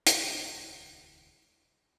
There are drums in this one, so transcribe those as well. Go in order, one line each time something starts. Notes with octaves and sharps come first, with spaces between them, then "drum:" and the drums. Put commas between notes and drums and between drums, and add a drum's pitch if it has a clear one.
D#1 C#2, drum: hi-hat